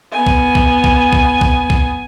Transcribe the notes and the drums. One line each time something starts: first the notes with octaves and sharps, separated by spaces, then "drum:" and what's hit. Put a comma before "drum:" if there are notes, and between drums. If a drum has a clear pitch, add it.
B3 G#5
drum: kick B1
drum: kick B1
drum: kick B1
drum: kick B1
drum: kick B1
drum: kick B1